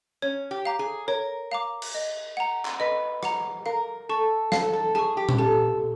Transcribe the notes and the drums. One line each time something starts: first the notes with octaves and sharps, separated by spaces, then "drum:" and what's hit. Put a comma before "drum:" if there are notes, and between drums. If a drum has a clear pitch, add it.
C#4 C#5
G4
F5 A#5 D6
G#4
A#4 C#5
F5 A#5 D6
drum: cymbal
D#5
F#5 A#5
drum: clap
B4 D#5
F#5 A#5, drum: rim click
A#4 F5
A4 A5 C#6
A4 F5, drum: snare
A4
G#4 A5 C#6
G4
drum: tom A#2
G4 A4